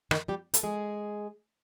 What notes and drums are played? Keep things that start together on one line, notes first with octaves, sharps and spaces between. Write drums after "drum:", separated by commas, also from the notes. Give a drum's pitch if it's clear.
D#3 D#4, drum: rim click
G3 G4
A4, drum: hi-hat
G#3 G#4